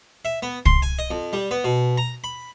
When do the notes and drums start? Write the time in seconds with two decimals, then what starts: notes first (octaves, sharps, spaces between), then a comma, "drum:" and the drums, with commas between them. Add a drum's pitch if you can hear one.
0.25 E5
0.42 B3
0.66 C6, drum: kick
0.82 G#5
0.99 D#5
1.11 F2
1.33 G3
1.51 B3
1.64 B2
1.98 A#5
2.24 B5